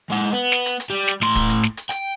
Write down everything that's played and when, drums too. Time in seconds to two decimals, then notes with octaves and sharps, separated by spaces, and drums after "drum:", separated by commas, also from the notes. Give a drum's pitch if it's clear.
0.10 G#3 F#5
0.32 B3
0.52 drum: snare
0.66 drum: hi-hat
0.80 drum: hi-hat
0.90 G3
1.08 drum: snare
1.22 A2 C6, drum: snare
1.36 drum: kick, hi-hat
1.49 drum: hi-hat
1.63 drum: snare
1.77 drum: hi-hat
1.90 G5, drum: hi-hat